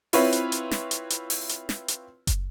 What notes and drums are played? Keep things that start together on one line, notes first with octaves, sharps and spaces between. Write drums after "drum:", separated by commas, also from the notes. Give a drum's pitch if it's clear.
C4 E4 F4 B4 C#5, drum: open hi-hat
drum: hi-hat
drum: hi-hat
drum: snare
drum: hi-hat
drum: hi-hat
drum: open hi-hat
drum: hi-hat
drum: snare
drum: hi-hat
drum: kick F#1, hi-hat